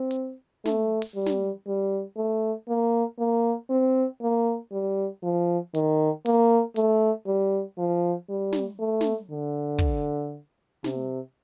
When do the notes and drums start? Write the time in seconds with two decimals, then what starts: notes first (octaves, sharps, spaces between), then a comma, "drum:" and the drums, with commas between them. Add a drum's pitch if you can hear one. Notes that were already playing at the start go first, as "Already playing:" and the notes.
Already playing: C4
0.11 drum: hi-hat
0.65 A3, drum: snare
1.02 drum: open hi-hat
1.16 G3
1.26 drum: snare
1.67 G3
2.17 A3
2.68 A#3
3.19 A#3
3.70 C4
4.22 A#3
4.72 G3
5.23 F3
5.75 D#3, drum: hi-hat
6.26 A#3, drum: open hi-hat
6.76 A3, drum: hi-hat
7.27 G3
7.78 F3
8.29 G3
8.53 drum: snare
8.80 A3
9.01 drum: snare
9.31 D3
9.78 drum: kick
10.84 C3, drum: snare